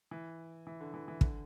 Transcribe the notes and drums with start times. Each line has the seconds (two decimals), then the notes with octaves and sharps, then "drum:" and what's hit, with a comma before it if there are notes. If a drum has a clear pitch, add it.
0.11 E3
0.67 E3
0.81 D3
0.94 E3
1.08 E3
1.21 D3, drum: kick